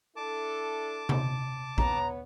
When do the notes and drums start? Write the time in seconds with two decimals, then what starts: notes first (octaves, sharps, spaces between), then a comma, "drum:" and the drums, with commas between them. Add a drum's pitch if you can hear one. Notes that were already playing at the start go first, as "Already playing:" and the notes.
0.16 D4 E4 A4 A5 D6
1.09 drum: tom C3
1.78 B3 C#5 A#5, drum: kick A#1